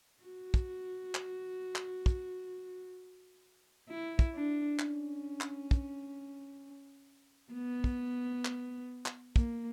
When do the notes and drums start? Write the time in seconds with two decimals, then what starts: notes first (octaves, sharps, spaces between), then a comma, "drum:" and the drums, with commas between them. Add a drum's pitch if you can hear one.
0.24 F#4
0.54 drum: kick
1.15 drum: clap
1.76 drum: clap
2.06 drum: kick
3.89 E4
4.19 drum: kick
4.34 D4
4.79 C#4, drum: clap
5.41 drum: clap
5.71 drum: kick
7.53 B3
7.84 drum: kick
8.45 drum: clap
9.06 drum: clap
9.36 A#3, drum: kick